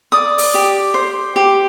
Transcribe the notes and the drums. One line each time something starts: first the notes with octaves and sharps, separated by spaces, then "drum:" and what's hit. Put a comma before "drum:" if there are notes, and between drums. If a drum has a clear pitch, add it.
D5 D#6
drum: open hi-hat
G4
C5
G4